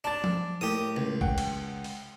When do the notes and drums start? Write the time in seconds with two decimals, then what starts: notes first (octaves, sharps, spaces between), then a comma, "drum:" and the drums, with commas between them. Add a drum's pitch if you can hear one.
0.04 D4 A5 A6
0.24 drum: tom F3
0.61 A2 A#3 G4 D#6
0.96 C#2
1.21 F#5 G5, drum: kick A#1
1.38 drum: cymbal
1.84 drum: open hi-hat